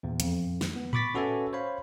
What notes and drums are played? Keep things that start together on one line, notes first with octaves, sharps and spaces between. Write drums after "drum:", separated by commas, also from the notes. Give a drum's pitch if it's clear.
E2 A#2
F2, drum: hi-hat
drum: snare
B3
B5 C#6 D6 A6 B6, drum: tom A2
C#4 F#4 A4 B4 E5 G#5
C5 C#5 F5 B5